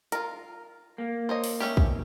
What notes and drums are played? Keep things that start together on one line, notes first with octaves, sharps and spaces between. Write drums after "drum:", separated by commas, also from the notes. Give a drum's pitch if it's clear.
F4 A#4, drum: hi-hat
A#3
C5 C#5 D#5
drum: open hi-hat
A3 C#4 G4
drum: kick